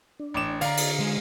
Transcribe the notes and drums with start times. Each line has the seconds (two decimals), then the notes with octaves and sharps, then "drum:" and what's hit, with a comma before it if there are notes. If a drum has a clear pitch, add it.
0.20 D4
0.34 A1 D6 E7
0.61 D3 C#5 D5 F5 A#5, drum: cymbal
0.77 drum: cymbal
1.00 G#3